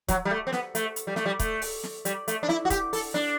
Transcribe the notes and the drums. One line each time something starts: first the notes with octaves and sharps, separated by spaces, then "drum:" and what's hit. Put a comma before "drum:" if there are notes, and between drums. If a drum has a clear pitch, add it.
F#3, drum: kick, hi-hat
G3
A3
C4
B3, drum: snare
A3, drum: hi-hat
drum: hi-hat
G3
A3, drum: snare
G3
A3, drum: kick, hi-hat
drum: open hi-hat
drum: snare
G3, drum: hi-hat
A3, drum: hi-hat
D4
E4, drum: snare
F#4
G4, drum: kick, hi-hat
A4, drum: open hi-hat
D4, drum: snare